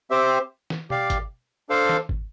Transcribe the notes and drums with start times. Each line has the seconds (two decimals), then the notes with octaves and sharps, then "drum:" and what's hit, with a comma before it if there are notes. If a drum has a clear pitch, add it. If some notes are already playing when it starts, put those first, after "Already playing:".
0.10 C4 G4 C5 E5
0.70 drum: snare
0.90 G4 D5 F5, drum: tom B2
1.10 drum: kick G#1, hi-hat
1.69 D4 A4 C5 F5
1.89 drum: snare
2.09 drum: kick G#1